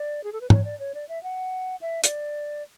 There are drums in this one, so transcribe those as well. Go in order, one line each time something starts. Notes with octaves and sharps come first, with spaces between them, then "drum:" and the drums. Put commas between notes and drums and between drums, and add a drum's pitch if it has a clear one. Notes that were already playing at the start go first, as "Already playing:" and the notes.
Already playing: D5
G#4
A4
B4
C#5, drum: tom
D5
C#5
D5
E5
F#5
E5
D5, drum: hi-hat